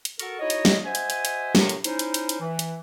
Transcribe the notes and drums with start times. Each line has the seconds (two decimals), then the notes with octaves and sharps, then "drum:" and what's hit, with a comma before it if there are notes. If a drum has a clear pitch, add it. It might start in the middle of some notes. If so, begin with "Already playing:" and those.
0.05 drum: hi-hat
0.19 F#4 A4 A#4 C#6, drum: hi-hat
0.40 D#4 E4 F#4 C#5 D#5
0.50 drum: hi-hat
0.65 drum: snare
0.85 F#4 C5 D#5 E5 G#5
0.95 drum: hi-hat
1.10 drum: hi-hat
1.25 drum: hi-hat
1.55 A2 C3 A#4 C#6, drum: snare
1.69 drum: hi-hat
1.84 C#4 D#4 E4 C5, drum: hi-hat
1.99 drum: hi-hat
2.14 drum: hi-hat
2.29 drum: hi-hat
2.41 E3
2.59 drum: hi-hat